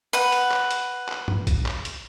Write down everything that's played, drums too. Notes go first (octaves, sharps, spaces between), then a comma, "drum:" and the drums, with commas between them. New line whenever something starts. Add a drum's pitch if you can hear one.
B4 F#5
drum: hi-hat
drum: clap
drum: hi-hat
drum: clap
drum: tom
drum: kick B1, hi-hat
drum: clap
drum: hi-hat